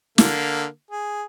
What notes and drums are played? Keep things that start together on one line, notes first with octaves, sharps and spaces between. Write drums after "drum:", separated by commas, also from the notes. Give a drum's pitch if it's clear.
D3 A#3, drum: snare
G#4